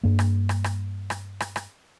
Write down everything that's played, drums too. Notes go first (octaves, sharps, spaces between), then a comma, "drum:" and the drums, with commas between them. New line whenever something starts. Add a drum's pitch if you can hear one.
G2 A#3
drum: rim click
drum: rim click
drum: rim click
drum: rim click
drum: rim click
drum: rim click